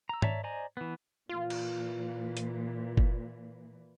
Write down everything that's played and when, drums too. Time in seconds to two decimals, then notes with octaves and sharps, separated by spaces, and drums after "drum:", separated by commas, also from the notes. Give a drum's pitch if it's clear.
0.09 A#5 E6
0.22 C#5 D5 E5 A5 A#5, drum: tom G#2
0.44 C5 D5 D#5 G#5 A#5
0.77 E3 B3
1.29 A#2 E3 F4
1.50 drum: cymbal
2.37 drum: hi-hat
2.97 drum: kick F#1